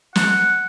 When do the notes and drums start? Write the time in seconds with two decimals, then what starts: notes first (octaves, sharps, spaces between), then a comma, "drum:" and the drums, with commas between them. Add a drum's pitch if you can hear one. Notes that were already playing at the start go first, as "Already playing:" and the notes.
0.15 F#5, drum: snare